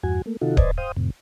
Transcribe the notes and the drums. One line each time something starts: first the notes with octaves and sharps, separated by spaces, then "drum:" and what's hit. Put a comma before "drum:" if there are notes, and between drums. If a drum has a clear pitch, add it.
E2 G2 F#4 G#5
A3 A#3
C3 D#3 D#4 F4 F#4 A4
B4 C5 D5 D#5 G#5 A5, drum: kick D1
C5 F5 G5 D#6
F2 A2 C3